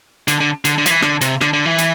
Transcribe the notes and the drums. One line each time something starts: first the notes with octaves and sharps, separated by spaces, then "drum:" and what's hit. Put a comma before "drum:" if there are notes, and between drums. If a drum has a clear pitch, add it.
D3, drum: hi-hat
D3
D3, drum: hi-hat
D3
F3, drum: hi-hat
E3
D3, drum: rim click
C3, drum: hi-hat
D3, drum: rim click
D3
E3
drum: hi-hat